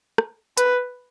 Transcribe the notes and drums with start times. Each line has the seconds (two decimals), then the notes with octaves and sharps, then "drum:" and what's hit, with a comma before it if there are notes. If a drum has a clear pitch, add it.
0.18 drum: rim click
0.57 B4, drum: hi-hat